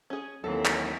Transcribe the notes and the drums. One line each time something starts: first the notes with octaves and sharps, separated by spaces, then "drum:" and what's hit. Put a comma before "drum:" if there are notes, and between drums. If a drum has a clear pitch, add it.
C#4 G#4
D#2 E3 F#3 C4 A4
drum: clap